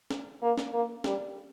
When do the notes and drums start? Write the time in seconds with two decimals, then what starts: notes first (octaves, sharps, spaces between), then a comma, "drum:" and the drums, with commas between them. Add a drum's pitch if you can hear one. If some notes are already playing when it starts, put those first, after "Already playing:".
0.10 drum: snare
0.42 A#3
0.58 drum: snare
0.73 A#3
1.04 G3, drum: snare